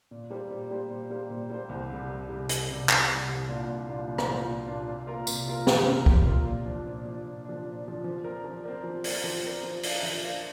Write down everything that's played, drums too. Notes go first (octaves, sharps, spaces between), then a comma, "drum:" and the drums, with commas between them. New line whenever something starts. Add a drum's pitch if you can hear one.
A#2
G3 A#3 G4 C5
A#2
G3 A#3 G4 C5
A#2
G3 A#3 G4 C5
A#2
G3 A#3 G4 C5
C2
C3 G3
C2
C3 G3
C2, drum: hi-hat
C3 G3
C2, drum: clap
C3 G3
C2
A#2 A#3 D4 F4
C2
A#2 A#3 D4 F4
C2
drum: rim click
A#2 A#3 D4 F4
C2
A#2 A#3 D4 F4
C3
A#3 F4 A#4
C3, drum: tambourine
A#3 F4 A#4
C3, drum: snare
A#3 F4 A#4
C3, drum: kick
A#3 F4 A#4
A#2
F3 D4
A#2
F3 D4
A#2
F3 D4
A#2
F3 D4
F3
C4 A#4 D5
F3
C4 A#4 D5
F3
C4 A#4 D5, drum: open hi-hat
F3
C4 A#4 D5
F3
D4 A#4 D5 F5, drum: open hi-hat
F3
D4 A#4 D5 F5